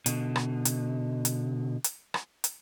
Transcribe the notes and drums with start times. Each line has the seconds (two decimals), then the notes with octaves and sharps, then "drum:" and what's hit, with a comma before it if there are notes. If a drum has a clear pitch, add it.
0.06 B2 D3, drum: hi-hat
0.36 drum: rim click
0.65 drum: hi-hat
1.25 drum: hi-hat
1.84 drum: hi-hat
2.14 drum: rim click
2.44 drum: hi-hat